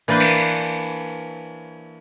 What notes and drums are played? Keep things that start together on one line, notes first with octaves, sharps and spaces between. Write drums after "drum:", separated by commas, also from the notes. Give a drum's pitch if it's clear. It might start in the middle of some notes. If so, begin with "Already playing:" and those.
E3 A#3 D4 B4 C5
drum: cymbal